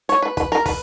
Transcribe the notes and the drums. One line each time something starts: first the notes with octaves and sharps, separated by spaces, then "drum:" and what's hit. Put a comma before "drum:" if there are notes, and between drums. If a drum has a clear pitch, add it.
C#5, drum: hi-hat
B4
B4, drum: kick, hi-hat
A#4, drum: snare
B4, drum: kick, open hi-hat